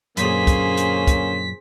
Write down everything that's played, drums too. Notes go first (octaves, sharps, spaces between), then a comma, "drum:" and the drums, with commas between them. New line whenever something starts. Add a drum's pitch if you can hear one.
F#2 A#2 D3 A#3 C#4 G#4 C5 B6, drum: hi-hat
drum: kick, hi-hat
drum: hi-hat
drum: kick, hi-hat